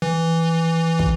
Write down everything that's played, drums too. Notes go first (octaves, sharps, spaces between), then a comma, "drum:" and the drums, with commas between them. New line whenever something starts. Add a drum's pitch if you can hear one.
E3
drum: kick